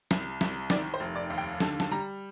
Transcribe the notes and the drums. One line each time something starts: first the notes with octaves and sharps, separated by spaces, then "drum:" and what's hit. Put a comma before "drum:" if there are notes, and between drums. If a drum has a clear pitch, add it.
C2, drum: snare
C2, drum: snare
D#3 D5, drum: snare
C5
F1
D5
D#2
G5
D3 A5, drum: snare
A5, drum: snare
G3 A#5